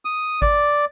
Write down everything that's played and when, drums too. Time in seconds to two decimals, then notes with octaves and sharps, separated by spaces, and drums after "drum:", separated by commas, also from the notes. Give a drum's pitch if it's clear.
0.05 D#6
0.42 D5, drum: kick G#1